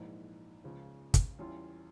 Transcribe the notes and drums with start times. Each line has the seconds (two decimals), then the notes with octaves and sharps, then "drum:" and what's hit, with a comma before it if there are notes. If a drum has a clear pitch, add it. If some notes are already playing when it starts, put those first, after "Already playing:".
Already playing: A#1 G#2 E3
0.64 C#2 C#3 F3
1.14 drum: kick, hi-hat
1.39 E2 E3 G3 C#4 F4